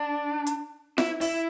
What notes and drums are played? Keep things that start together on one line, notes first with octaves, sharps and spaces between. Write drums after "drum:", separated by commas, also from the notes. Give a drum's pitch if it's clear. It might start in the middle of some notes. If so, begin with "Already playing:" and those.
Already playing: D4
drum: hi-hat
E4, drum: snare F4
E4, drum: open hi-hat